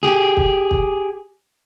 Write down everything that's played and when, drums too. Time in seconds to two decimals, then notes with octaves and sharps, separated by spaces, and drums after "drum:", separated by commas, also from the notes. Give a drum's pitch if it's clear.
0.03 G4 G#4
0.37 drum: kick
0.71 drum: kick